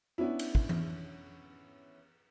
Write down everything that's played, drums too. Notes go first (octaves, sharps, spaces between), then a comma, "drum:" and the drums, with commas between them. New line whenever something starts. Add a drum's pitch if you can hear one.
B3 C#4 D4 E4
drum: cymbal
drum: kick
drum: tom E3